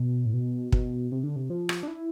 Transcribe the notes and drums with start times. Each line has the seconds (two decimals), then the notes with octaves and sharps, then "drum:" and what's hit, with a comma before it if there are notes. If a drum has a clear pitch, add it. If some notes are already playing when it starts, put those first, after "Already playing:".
Already playing: B2
0.26 A2
0.34 B2
0.72 B2, drum: kick
1.12 C3
1.23 D3
1.36 C3
1.50 F3
1.69 drum: rim click
1.83 D4
1.88 E4